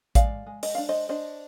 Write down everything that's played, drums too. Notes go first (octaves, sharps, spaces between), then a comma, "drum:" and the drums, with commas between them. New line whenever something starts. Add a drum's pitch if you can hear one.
G#3 D5 F5, drum: kick A1, hi-hat
G#3
D#5, drum: open hi-hat
D4 F5
C5 D#5
D4 C5 D#5